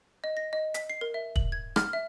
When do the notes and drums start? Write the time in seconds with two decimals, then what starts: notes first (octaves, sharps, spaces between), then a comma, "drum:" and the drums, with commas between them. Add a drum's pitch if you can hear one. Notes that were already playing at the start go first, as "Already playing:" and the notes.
0.24 D#5
0.37 A#6
0.53 D#5
0.74 B6, drum: hi-hat
0.89 C7
1.01 A#4
1.14 E5
1.36 F#7, drum: kick
1.52 G#6
1.76 F6, drum: rim click
1.93 E5